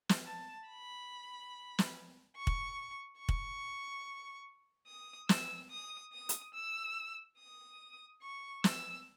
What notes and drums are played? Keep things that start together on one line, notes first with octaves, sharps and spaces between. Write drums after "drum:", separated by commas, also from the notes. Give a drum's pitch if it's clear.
drum: snare
A5
B5
drum: snare
C#6
drum: kick
C#6
drum: kick
D#6
E6, drum: snare
D#6
D#6
drum: hi-hat
E6
D#6
C#6
E6, drum: snare